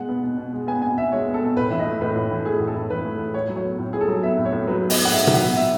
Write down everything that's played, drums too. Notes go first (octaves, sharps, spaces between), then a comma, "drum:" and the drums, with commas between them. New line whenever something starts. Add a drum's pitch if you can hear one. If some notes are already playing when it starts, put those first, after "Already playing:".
Already playing: B2 G#3 F#5
B3
B2
B2
G#3
B3 G#5
B2 G#5
B2 E5
G#3 C#5
B3
A4
B2
A2 B4
E3 E5
D#5
A3
A2 B4
A2
E3
A3 G#4
A2
A4
A2
E3 B4
A3
A2
A2 C#5
F#3
C#5
B3
A2
A2 G#4
A4
F#3
B3 E5
A2
C#5
A2
F#3 B4
B3
D#5, drum: open hi-hat
A2
F#5
G#2 E5
F#3, drum: tom A#2
F#5
B3
E5